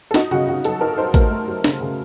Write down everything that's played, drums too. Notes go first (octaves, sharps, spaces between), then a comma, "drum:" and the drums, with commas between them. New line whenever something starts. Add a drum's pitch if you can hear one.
A4
D#4 F#4, drum: snare
C#3 F#4
C#3 F#4
F#3 A4, drum: hi-hat
D#4 A#4
D#4 C5
A3 A#4, drum: kick A1, hi-hat
A3
F#3
C#3, drum: snare
C#3